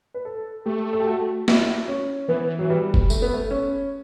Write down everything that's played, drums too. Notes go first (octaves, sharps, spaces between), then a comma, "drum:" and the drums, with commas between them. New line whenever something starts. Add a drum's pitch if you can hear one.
B4
A4
A3 G4
A4
G4
F#4
E4, drum: snare
C#4
E3 B3
F#3
G3
drum: kick F#1
A3, drum: tambourine
B3
A3
C#4